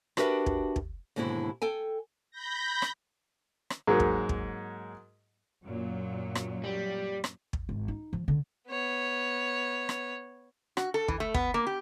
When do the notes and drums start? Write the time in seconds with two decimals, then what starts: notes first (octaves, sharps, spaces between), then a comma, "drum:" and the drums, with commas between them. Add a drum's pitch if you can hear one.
0.17 D4 F#4 G4 A#4 B4 E5, drum: rim click
0.46 drum: kick
0.76 drum: kick
1.16 D#2 G#2 B2 D3 E4 F#4
1.62 A4 G5 G#5
2.31 B5 G6 A#6
2.82 drum: rim click
3.70 drum: rim click
3.87 G#2 F#3 G#3 A#3
4.00 drum: kick
4.29 drum: kick
5.65 F#2 A#2 F#3
6.35 drum: rim click
6.64 G3
7.24 drum: rim click
7.53 drum: kick
7.69 G#1
7.88 D#4
8.13 F3
8.28 D3
8.69 B3 C#5
9.89 drum: rim click
10.77 F#4, drum: rim click
10.94 A4
11.08 E3, drum: kick
11.20 A3
11.34 B3, drum: kick
11.54 A#3
11.67 G4